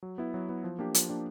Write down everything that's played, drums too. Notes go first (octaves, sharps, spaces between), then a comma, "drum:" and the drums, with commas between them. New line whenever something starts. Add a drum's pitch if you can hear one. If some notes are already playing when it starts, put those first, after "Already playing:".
F#3
B3 E4
F#3
B3 E4
F3
A#3 D4 G4
F3, drum: hi-hat
A#3 D4 G4